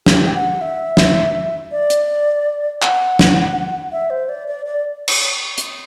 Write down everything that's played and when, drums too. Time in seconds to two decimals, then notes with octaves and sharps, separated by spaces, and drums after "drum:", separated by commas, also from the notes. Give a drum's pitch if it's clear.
0.06 G4, drum: snare
0.26 G5
0.35 F#5
0.61 E5
0.97 drum: snare
1.72 D5
1.90 drum: hi-hat
2.82 F#5, drum: clap
3.19 drum: snare
3.92 E5
4.10 C5
4.29 D5
4.48 D5
4.66 D5
5.08 drum: cymbal
5.58 drum: hi-hat